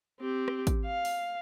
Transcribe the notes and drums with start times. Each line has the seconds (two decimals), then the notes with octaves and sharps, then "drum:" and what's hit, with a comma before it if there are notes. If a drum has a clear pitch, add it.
0.20 C4 G4
0.48 drum: rim click
0.67 drum: kick, hi-hat
0.86 F5
1.05 drum: open hi-hat